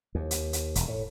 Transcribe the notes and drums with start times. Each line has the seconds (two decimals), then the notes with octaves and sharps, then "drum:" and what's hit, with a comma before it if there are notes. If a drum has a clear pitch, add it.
0.15 D#2
0.31 drum: hi-hat
0.53 drum: hi-hat
0.75 E1, drum: hi-hat
0.88 A2